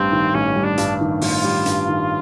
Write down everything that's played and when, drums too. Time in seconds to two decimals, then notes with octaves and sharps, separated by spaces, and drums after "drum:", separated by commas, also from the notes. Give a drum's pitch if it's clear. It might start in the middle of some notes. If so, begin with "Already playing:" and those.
Already playing: A1 G2 G3 C4
0.12 D#3
0.34 A1 C#4
0.56 G3
0.64 D4
0.78 G2, drum: hi-hat
1.01 D#3
1.21 A1 F4, drum: open hi-hat
1.44 G3
1.66 G2, drum: hi-hat
1.88 D#3